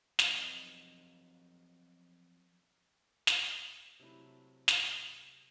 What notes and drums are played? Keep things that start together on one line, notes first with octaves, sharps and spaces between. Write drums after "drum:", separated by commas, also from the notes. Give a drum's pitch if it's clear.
F3 F#3 C4 G4 B4 D#5, drum: snare
drum: snare
C3 F#3 A3 E4
drum: snare